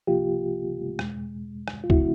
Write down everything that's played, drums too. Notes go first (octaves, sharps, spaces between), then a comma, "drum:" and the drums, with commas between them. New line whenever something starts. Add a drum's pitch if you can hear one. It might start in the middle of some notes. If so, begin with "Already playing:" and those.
C2 C3 F3 A#3 F4 G4
E2 B2 G#3, drum: rim click
drum: rim click
F4
C#3 F3 A3 C4 E4 F#4, drum: kick